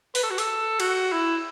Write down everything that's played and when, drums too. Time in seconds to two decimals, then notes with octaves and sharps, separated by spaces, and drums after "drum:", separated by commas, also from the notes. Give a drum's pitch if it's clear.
0.15 B4, drum: open hi-hat
0.23 A4
0.30 F#4
0.38 A4, drum: open hi-hat
0.80 F#4, drum: cymbal
1.12 E4